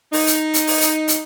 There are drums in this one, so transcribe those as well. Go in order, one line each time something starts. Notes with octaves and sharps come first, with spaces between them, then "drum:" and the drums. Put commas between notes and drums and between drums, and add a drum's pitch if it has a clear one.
D#4, drum: open hi-hat
drum: hi-hat
drum: hi-hat
drum: open hi-hat
drum: hi-hat
drum: hi-hat